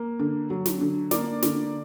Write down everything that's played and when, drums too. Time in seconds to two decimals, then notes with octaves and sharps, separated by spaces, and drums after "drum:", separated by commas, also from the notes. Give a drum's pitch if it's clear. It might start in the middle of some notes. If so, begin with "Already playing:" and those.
Already playing: A#3
0.19 D3
0.50 F#3
0.66 drum: snare
0.81 D3
1.11 A#3 D5 D6, drum: snare
1.42 D3, drum: snare